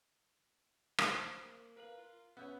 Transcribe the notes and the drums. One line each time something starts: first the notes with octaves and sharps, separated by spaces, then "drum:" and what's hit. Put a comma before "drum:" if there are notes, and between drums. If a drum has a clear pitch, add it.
C4, drum: rim click
A#3
A#4 B4 F5 F#7
F4
B3 C#4 E5 F#6 G6